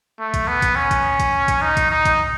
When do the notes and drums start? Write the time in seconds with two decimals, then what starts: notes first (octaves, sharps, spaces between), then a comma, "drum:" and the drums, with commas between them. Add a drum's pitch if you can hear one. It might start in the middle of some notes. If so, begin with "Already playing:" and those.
0.20 A3
0.34 drum: kick, hi-hat
0.48 B3
0.62 drum: kick, hi-hat
0.76 C#4
0.91 drum: kick, hi-hat
1.20 drum: kick, hi-hat
1.48 drum: kick, hi-hat
1.62 D#4
1.77 drum: kick, hi-hat
1.91 D#4
2.05 drum: kick, hi-hat